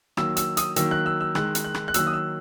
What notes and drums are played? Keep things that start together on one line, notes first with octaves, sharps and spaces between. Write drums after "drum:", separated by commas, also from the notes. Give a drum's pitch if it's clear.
D#3 F#3 A#3 E6, drum: rim click
E6, drum: hi-hat
D#6, drum: hi-hat
D#3 F#3 A#3 E6, drum: hi-hat
F#6
E6
E6
D#3 G#3 F#6, drum: rim click
drum: hi-hat
F#6
drum: rim click
F#6
D#3 F#3 A#3 E6, drum: hi-hat
D#6
E6